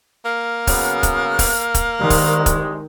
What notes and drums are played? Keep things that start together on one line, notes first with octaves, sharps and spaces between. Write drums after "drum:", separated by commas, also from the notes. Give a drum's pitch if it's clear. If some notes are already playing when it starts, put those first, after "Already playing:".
A#3 F6
C#3 F#3 B3, drum: kick, open hi-hat
drum: kick, hi-hat
drum: kick, open hi-hat
drum: kick, hi-hat
C2 D#3 G3 G#3
drum: kick, open hi-hat
drum: kick, hi-hat